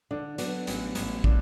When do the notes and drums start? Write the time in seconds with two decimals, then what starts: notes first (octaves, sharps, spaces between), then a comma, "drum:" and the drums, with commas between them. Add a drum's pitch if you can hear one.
0.11 D3 D4
0.38 F#3 B3 D4, drum: hi-hat
0.67 A1, drum: hi-hat
0.95 A1, drum: hi-hat
1.24 D4, drum: kick